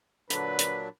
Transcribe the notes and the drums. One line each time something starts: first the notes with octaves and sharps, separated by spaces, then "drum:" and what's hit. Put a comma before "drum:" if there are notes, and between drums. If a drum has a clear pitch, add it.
A#2 D3 F#3 D4 B4 B5, drum: hi-hat
drum: hi-hat